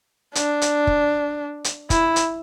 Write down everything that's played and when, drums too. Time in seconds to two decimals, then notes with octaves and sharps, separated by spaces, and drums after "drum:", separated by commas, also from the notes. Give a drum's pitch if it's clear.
0.35 D4, drum: hi-hat
0.62 drum: hi-hat
0.87 drum: kick
1.64 drum: hi-hat
1.90 E4, drum: kick, hi-hat
2.16 drum: hi-hat